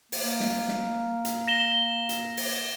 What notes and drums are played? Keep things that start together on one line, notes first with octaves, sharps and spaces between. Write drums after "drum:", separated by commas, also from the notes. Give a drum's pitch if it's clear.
A#3, drum: open hi-hat
drum: snare
drum: snare
drum: hi-hat
A#6 E7 G7
drum: hi-hat
drum: open hi-hat